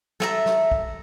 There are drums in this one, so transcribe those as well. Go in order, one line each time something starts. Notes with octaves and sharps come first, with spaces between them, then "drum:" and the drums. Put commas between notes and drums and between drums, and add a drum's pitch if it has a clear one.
A4 E5 A#5, drum: snare
drum: snare
drum: kick